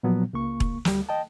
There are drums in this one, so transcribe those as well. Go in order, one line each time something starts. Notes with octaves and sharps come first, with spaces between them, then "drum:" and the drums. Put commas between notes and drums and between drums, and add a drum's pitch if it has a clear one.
A#2 F3 F#3 B3
C#2 A#3 C#6
drum: kick E1
D2 G3, drum: snare
D#5 G5 A5